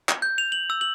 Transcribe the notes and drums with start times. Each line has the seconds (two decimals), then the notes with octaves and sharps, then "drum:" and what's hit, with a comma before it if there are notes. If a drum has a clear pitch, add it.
0.09 drum: clap
0.22 G6
0.38 F7
0.52 F#7
0.70 E6
0.81 F#7